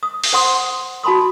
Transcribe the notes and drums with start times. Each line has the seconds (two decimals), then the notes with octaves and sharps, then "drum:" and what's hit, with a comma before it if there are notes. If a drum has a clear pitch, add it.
0.03 D#6
0.24 drum: open hi-hat
0.33 C5 F#5 C6 D#6
1.03 F#4 A5 B5 C6 D#6